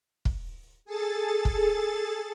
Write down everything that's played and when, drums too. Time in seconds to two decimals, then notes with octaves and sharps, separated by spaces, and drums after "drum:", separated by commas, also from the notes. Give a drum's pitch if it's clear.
0.25 drum: kick
0.85 G#4 A4 A6
1.45 drum: kick